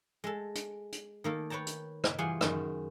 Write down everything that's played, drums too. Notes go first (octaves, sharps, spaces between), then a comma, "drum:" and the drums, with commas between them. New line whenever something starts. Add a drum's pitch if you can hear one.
G#3 A4
drum: hi-hat
drum: hi-hat
D#3 A#3 A4
B4 C#5 G5 A5 A#5
drum: hi-hat
drum: rim click
E3 G3 F4 G#4 F#5 C6
F#2 D#3, drum: rim click